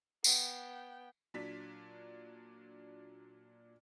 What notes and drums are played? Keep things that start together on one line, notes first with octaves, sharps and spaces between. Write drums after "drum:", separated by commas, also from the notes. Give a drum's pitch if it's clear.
B3 G5, drum: tambourine
A#2 F#3 D4 B6